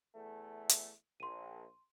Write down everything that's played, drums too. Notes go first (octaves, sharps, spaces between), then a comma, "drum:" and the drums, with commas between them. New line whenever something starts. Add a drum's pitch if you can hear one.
E2 A3
drum: hi-hat
A#1 C6 D#7